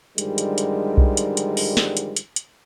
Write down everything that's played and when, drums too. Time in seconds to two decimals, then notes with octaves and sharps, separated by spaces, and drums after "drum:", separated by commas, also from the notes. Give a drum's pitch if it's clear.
0.18 G2 D3 D#3 F3 G3 G#3, drum: hi-hat
0.38 drum: hi-hat
0.58 drum: hi-hat
0.97 drum: kick B1
1.17 drum: hi-hat
1.37 drum: hi-hat
1.57 drum: open hi-hat
1.77 drum: snare
1.97 drum: hi-hat
2.17 drum: hi-hat
2.36 drum: hi-hat